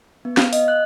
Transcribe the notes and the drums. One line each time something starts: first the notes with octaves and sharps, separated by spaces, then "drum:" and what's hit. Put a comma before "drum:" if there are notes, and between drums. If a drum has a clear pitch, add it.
B3
F5, drum: snare
D#5, drum: open hi-hat
F#6